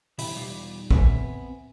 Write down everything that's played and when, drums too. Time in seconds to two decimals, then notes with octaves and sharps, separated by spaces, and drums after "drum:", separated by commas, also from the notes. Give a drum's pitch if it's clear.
0.18 B1 D3 E3 G4 E5 B5, drum: open hi-hat
0.36 E2 B2 G3 D#4 F4 D5
0.91 B3 C4 E5 G#5, drum: kick